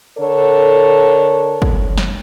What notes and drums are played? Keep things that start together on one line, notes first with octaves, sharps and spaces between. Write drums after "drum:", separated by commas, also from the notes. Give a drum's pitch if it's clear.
D3 A4 A#4 C#5
drum: kick
drum: snare